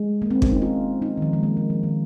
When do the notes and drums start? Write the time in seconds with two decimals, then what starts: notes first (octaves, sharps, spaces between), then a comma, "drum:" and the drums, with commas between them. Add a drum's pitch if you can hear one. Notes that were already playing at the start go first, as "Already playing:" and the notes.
Already playing: G#3
0.22 A#3
0.31 C4
0.42 C#4, drum: kick
0.51 D#4
0.62 F4
1.02 D#4
1.18 D#3
1.22 F3
1.33 G#3
1.43 A#3
1.57 G#3
1.70 F3
1.83 D#3